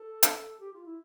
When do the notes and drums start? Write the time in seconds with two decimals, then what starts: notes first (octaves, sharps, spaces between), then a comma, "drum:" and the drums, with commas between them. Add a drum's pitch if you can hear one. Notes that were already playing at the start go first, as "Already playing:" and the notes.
Already playing: A4
0.23 drum: hi-hat
0.60 G4
0.73 F4
0.85 E4